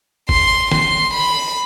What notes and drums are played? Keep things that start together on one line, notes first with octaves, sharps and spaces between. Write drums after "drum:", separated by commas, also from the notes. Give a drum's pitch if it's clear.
C6, drum: kick G1
C6, drum: snare
B5